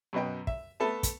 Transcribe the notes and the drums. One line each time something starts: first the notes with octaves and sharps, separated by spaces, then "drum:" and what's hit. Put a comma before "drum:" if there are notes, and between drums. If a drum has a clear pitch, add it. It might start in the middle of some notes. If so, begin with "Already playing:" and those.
F#2 B2 B4 D#5 G5
E5, drum: kick
A3 B3 A4 E5 A5
drum: kick, hi-hat